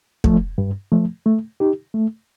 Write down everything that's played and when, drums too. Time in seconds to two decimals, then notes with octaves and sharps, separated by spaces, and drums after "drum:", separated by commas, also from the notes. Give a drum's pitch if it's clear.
0.24 F3 A3, drum: kick
0.58 G2
0.92 F3 A3
1.26 A3
1.60 D#4 G4
1.94 A3